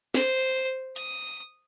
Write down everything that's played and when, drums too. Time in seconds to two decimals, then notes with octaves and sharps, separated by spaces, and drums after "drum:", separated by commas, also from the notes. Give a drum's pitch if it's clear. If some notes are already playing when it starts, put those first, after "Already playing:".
0.14 C5, drum: snare
0.96 D#6, drum: hi-hat